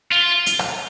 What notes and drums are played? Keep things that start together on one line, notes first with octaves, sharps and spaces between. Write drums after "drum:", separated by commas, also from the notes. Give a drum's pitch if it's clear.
F4
drum: hi-hat
drum: rim click